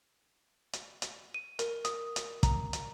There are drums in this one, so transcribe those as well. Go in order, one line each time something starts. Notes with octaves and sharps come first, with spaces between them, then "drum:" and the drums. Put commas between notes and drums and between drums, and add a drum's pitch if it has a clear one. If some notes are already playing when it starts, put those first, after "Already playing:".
drum: hi-hat
drum: hi-hat
D#7
A#4, drum: hi-hat
D#6, drum: hi-hat
drum: hi-hat
A#5, drum: kick, hi-hat
drum: hi-hat